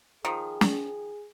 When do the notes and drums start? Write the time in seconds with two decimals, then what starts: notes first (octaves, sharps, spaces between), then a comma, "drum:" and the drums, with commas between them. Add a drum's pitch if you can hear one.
0.25 D#3 F3 G#4
0.61 drum: snare